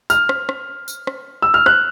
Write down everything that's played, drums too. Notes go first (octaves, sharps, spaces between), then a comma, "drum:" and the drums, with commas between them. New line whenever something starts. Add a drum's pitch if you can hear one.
F6, drum: tambourine
drum: rim click
drum: rim click
drum: tambourine
drum: rim click
E6
F6
F#6, drum: rim click